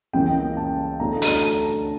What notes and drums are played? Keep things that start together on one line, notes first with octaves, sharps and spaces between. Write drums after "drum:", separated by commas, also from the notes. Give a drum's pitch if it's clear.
C#2 C#3 E3 A#3 G5
A5
D2 D3 A3 D4 A#5
A#5, drum: open hi-hat
A5
A5